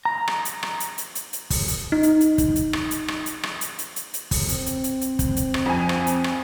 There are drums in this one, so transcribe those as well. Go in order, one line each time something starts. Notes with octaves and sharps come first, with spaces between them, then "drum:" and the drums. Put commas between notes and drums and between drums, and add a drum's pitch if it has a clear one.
A#5
drum: rim click
drum: hi-hat
drum: rim click
drum: hi-hat
drum: hi-hat
drum: hi-hat
drum: hi-hat
drum: kick, open hi-hat
drum: hi-hat
D#4
drum: hi-hat
drum: hi-hat
drum: kick, hi-hat
drum: hi-hat
drum: rim click
drum: hi-hat
drum: rim click
drum: hi-hat
drum: rim click
drum: hi-hat
drum: hi-hat
drum: hi-hat
drum: hi-hat
drum: kick, open hi-hat
C4, drum: hi-hat
drum: hi-hat
drum: hi-hat
drum: hi-hat
drum: kick, hi-hat
drum: hi-hat
drum: rim click
F2 G#5
drum: rim click
drum: hi-hat
drum: rim click